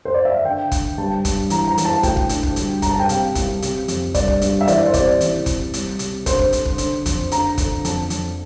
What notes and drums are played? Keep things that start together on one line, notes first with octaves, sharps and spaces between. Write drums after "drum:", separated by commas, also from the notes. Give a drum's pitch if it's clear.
C5
D5
E5
F5
D3 G5
D3, drum: kick, hi-hat
G2 A5
G2, drum: kick, hi-hat
E3 A#5, drum: hi-hat
A#5
E3, drum: hi-hat
A5
D2 G5, drum: kick, hi-hat
drum: kick
D3, drum: hi-hat
drum: kick
G2, drum: hi-hat
G2 A#5, drum: kick, hi-hat
A5
G5
C3 F5, drum: hi-hat
C2, drum: kick, hi-hat
C3, drum: hi-hat
F2, drum: hi-hat
G2 D5, drum: kick, hi-hat
drum: kick
G2, drum: hi-hat
E5
E3 D5, drum: hi-hat
C5
C3 D5, drum: kick, hi-hat
E3, drum: hi-hat
C3, drum: kick, hi-hat
C2, drum: hi-hat
C3, drum: hi-hat
D3 C5, drum: kick, hi-hat
drum: kick
D3, drum: hi-hat
drum: kick
D3, drum: hi-hat
F2, drum: kick, hi-hat
D3 A#5, drum: hi-hat
D3, drum: kick, hi-hat
F2 A5, drum: hi-hat
F2, drum: hi-hat